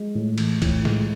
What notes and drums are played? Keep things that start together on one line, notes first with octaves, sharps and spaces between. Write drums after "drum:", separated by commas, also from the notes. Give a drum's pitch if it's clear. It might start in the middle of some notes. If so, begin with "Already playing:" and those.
Already playing: G#3
A2
E3, drum: cymbal
A2, drum: kick B1, cymbal
G#3, drum: snare